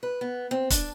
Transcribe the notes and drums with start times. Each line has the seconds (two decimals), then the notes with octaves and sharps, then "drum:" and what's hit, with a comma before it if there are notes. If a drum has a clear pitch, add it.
0.03 B4
0.21 B3
0.51 C4
0.70 D4, drum: kick, hi-hat